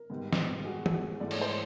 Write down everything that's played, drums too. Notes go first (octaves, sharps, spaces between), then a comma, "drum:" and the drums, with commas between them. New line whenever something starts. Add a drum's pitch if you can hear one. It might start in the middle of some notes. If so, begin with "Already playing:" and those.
Already playing: A#4
G#2 D#3 G3 B3
drum: snare
F#4 G#4
drum: tom
G#2 E3 A3 D5
C#5, drum: cymbal
C5